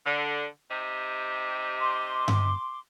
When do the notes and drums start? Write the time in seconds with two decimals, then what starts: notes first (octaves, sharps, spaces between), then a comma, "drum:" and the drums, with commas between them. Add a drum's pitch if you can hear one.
0.06 D3
0.70 C3 D#4 G4
1.79 C6 D6
2.28 drum: tom G2